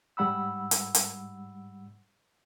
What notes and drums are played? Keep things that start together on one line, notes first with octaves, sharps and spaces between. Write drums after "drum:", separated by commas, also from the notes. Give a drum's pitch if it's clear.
G#2 G3 F#5 B5 E6
drum: hi-hat
drum: hi-hat